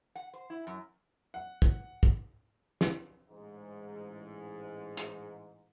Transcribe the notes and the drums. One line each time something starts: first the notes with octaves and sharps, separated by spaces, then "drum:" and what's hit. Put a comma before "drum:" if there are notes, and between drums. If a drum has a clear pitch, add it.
F#5
C5
E4
F#2
F#5
drum: kick
drum: kick
drum: snare
A1 G#2
drum: hi-hat